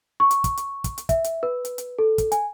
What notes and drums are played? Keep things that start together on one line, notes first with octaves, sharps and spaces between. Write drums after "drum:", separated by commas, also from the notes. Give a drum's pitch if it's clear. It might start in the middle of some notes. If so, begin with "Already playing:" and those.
C#6
drum: hi-hat
drum: kick, hi-hat
drum: hi-hat
drum: kick, hi-hat
drum: hi-hat
E5, drum: kick, hi-hat
drum: hi-hat
B4
drum: hi-hat
drum: hi-hat
A4
drum: kick, hi-hat
G#5, drum: hi-hat